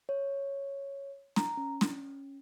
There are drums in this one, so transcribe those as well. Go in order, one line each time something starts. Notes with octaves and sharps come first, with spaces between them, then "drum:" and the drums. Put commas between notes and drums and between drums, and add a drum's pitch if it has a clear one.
C#5
A#5, drum: snare
C#4
drum: snare